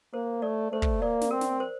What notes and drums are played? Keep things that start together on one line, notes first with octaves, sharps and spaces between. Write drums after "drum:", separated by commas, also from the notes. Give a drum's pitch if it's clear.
A#3 C5
A3 D5
A3 C5
drum: kick
A#3 D5
drum: snare
C4 A#4
drum: snare
C5